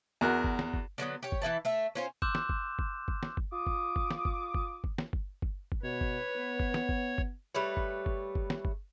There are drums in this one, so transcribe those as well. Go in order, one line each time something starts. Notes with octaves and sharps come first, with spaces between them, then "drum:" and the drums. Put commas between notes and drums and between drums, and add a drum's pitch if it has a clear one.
E2 F#4 A#4 F#6
drum: kick G1
drum: snare
drum: kick G1
D3 F#3 A#3 B3
G4 C#5
drum: kick G1
E3 A#3 E4 A5
A3 E5
C#4 F4 C5
C6 D6 E6 F#6 G6 E7, drum: kick G1
drum: snare
drum: kick G1
drum: kick G1
drum: kick G1
drum: snare
drum: kick G1
F4 D6 D#6
drum: kick G1
drum: kick G1
drum: snare
drum: kick G1
drum: kick G1
drum: kick G1
drum: snare
drum: kick G1
drum: kick G1
drum: kick G1
B2 B4 C#5
drum: kick G1
B3
drum: kick G1
drum: snare
drum: kick G1
drum: kick G1
G3 A3 B4 C#5
drum: kick G1
drum: kick G1
drum: kick G1
drum: snare
drum: kick G1